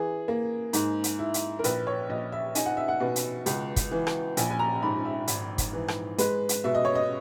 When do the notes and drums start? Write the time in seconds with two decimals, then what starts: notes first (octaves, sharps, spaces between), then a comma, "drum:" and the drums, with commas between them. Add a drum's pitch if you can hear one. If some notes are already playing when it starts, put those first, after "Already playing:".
Already playing: E3 G#4
0.28 A#3
0.73 G#2, drum: hi-hat
1.04 drum: hi-hat
1.19 E4
1.34 drum: hi-hat
1.59 A#4
1.64 A#1 B4, drum: hi-hat
1.87 C#5
2.09 A#1 D#5
2.32 E5
2.55 D#4 G#5, drum: hi-hat
2.66 F#5
2.77 E5
2.88 F#5
3.00 B2
3.16 drum: hi-hat
3.46 C#2, drum: hi-hat
3.76 drum: kick, hi-hat
3.91 E3
4.07 drum: rim click
4.37 A#1 G#5, drum: hi-hat
4.50 G#5
4.59 A#5
4.82 G#2 B5
5.05 E5
5.28 G#1, drum: hi-hat
5.58 drum: kick, hi-hat
5.73 E3
5.88 drum: rim click
6.18 G#3 B4, drum: hi-hat
6.49 drum: hi-hat
6.64 B2 E5
6.75 D#5
6.85 C#5
6.95 D#5